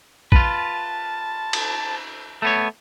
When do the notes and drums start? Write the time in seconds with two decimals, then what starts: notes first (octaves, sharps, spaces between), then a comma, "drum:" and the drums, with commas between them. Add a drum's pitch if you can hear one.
0.32 F4 B4 A5, drum: kick
1.53 drum: cymbal
2.42 A3 B3 C#5